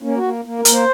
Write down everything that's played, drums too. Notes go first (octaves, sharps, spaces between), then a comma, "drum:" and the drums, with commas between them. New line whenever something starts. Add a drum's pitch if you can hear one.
A#3 C#4
F#4
A#3
A#3
A#4
A#3, drum: hi-hat
C5